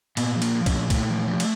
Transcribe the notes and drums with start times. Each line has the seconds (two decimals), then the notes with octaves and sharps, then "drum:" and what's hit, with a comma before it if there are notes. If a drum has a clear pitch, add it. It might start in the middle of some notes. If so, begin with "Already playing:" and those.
0.17 A#2 B3, drum: cymbal
0.36 F3
0.42 A#3, drum: cymbal
0.55 F3
0.66 C#4, drum: kick, cymbal
0.73 A#2
0.90 A#2 A3, drum: kick, cymbal
1.10 F3
1.27 F3
1.40 drum: cymbal